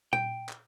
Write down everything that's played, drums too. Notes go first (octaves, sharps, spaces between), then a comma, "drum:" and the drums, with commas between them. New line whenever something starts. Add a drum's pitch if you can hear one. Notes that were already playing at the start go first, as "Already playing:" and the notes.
G5, drum: tom A#2
drum: clap